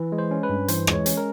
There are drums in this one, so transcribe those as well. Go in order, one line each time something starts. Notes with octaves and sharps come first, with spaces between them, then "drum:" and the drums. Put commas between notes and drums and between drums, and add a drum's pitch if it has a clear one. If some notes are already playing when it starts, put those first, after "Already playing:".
Already playing: E3
G#3
C5
C#4
B4
G2
E3 C5, drum: hi-hat
G#3, drum: rim click
C#5
C#4, drum: hi-hat
A#4